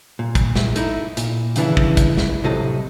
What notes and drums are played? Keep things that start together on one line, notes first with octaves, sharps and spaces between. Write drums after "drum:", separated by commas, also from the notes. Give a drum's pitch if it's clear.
A#2
drum: kick, hi-hat
drum: snare
A3 D#4 E4, drum: hi-hat
A#2, drum: hi-hat
D#2 C#3 E3 D4 E4, drum: hi-hat
drum: kick
drum: kick, hi-hat
drum: snare
C2 A2 C3 F#3 A4 D#5